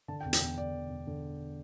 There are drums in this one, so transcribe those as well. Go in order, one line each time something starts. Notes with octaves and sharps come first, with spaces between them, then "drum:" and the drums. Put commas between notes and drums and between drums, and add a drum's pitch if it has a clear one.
D3 A5
G5
E1
G5, drum: hi-hat
E1
D3 D5
E1
E1
D3